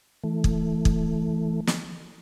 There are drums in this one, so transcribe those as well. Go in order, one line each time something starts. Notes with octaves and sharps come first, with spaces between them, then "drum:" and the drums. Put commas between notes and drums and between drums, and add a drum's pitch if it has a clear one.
E3 A3
drum: kick
drum: kick
drum: snare